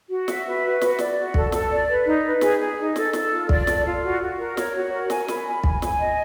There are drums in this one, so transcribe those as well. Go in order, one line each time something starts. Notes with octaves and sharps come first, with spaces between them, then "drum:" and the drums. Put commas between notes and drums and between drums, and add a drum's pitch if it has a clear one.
F#4
E5, drum: snare
B4
F#4
F#4, drum: snare
D5, drum: snare
F#4
A4, drum: kick
A4, drum: snare
D5
B4
D#4
B4
G#4, drum: snare
G#4
D#4
A4, drum: snare
A4, drum: snare
F4
D5, drum: kick
A4, drum: snare
F4
F#4
F#4
A#4
C#5, drum: snare
F#4
A#4
G#5, drum: snare
B5, drum: snare
G#5
G#5, drum: kick
G#5, drum: snare
D#5